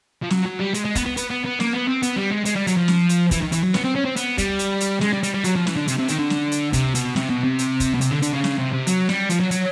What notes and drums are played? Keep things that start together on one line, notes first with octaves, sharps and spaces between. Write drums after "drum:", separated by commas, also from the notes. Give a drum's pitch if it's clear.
F3
F#3, drum: snare
F#3
G3
G#3, drum: hi-hat
G#3
B3, drum: kick, hi-hat
B3
B3, drum: hi-hat
B3
B3
A#3, drum: snare
B3
C4
B3, drum: hi-hat
G3
G#3
G#3, drum: hi-hat
G3
F#3, drum: hi-hat
F3
drum: snare
drum: hi-hat
E3, drum: kick, hi-hat
D#3
E3, drum: hi-hat
F#3
B3, drum: snare
C4
C#4
C4
B3, drum: hi-hat
G3, drum: kick, hi-hat
drum: hi-hat
drum: hi-hat
G#3, drum: snare
G3
G3, drum: hi-hat
G3
F#3, drum: hi-hat
F3
E3, drum: snare
D3
C3, drum: hi-hat
C3
D#3, drum: hi-hat
D3
drum: snare
drum: hi-hat
C3, drum: kick, hi-hat
B2, drum: hi-hat
C3, drum: snare
B2
C3
drum: hi-hat
drum: kick, hi-hat
B2
C3, drum: hi-hat
D3
D3, drum: hi-hat
C#3
C#3, drum: snare
C3
C3
F#3, drum: hi-hat
G3, drum: snare
F3, drum: hi-hat
F#3
F#3, drum: hi-hat